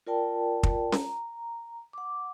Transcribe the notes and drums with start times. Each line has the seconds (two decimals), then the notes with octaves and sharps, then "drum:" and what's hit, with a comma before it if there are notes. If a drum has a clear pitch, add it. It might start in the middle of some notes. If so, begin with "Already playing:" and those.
0.07 F4 A#4 D5 G5 A5
0.63 drum: kick
0.92 A#5, drum: snare C#4
1.93 F#5 D6